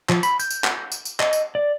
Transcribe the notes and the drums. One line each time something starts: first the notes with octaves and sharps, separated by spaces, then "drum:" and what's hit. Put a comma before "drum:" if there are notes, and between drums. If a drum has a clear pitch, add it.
F3, drum: clap
B5, drum: tambourine
G6, drum: tambourine
drum: tambourine
drum: clap
drum: tambourine
drum: tambourine
D#5, drum: clap
drum: tambourine
D5